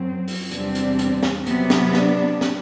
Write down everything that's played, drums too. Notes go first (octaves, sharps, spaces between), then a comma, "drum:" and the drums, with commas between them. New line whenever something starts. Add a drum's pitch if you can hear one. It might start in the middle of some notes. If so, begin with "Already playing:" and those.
Already playing: F#2 F#3 C4
drum: open hi-hat
E2 C3 G3 C4 D4, drum: hi-hat
drum: hi-hat
drum: hi-hat
drum: snare
C3 F#3 B3, drum: hi-hat
drum: snare
D4, drum: snare
drum: snare